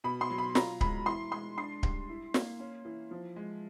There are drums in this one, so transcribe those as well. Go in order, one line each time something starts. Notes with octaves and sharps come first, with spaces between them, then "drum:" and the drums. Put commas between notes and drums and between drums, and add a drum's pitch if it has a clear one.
B2 B5
C6
F#3
B5
F4 A#5, drum: snare
G#3 B5, drum: kick D1
E3 C6
G#3 C6
D4 C6
G3, drum: kick D1
E4
A#3, drum: snare
C#4
E3
F3
G#3